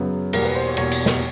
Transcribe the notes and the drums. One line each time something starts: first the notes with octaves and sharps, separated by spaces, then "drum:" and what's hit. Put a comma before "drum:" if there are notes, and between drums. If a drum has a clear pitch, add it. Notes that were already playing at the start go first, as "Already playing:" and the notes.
Already playing: F#2 C#3 F#3 B3
E2 B2 G3 A#3 A#4, drum: cymbal
B4
C5
C#5
E2 B2 G3 A#3 C#5, drum: cymbal
drum: cymbal
drum: snare